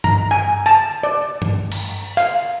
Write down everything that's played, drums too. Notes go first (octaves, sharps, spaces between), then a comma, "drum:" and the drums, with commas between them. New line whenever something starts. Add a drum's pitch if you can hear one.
A#5, drum: tom G2
G#5
A5
D5
drum: tom G2
drum: cymbal
F5, drum: open hi-hat